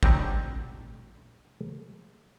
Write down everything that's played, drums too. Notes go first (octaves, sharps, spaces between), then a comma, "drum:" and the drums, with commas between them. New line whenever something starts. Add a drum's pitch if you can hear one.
F#3 G3 C4 D4 D#4, drum: kick G#1